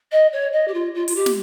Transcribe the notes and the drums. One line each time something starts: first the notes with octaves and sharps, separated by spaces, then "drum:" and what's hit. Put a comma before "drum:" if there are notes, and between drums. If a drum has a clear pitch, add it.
D#5
C#5
D#5
G4
F4
F4
F4, drum: open hi-hat
G4
drum: snare